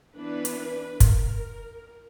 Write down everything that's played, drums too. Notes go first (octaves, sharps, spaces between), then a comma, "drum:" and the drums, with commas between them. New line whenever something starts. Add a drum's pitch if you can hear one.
E3 B3 D4 B4
drum: hi-hat
A#4, drum: kick, hi-hat